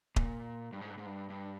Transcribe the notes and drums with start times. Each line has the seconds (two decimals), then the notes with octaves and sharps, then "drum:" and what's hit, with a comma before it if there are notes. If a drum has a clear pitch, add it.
0.16 A#2, drum: kick D#1
0.73 G2
0.81 G#2
0.90 G2
0.98 G#2
1.06 G2
1.30 G2